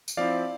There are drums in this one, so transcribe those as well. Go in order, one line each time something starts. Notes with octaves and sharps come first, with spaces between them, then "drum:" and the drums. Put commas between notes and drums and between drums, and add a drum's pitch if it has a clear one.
drum: tambourine
F3 C4 E4 D5 F5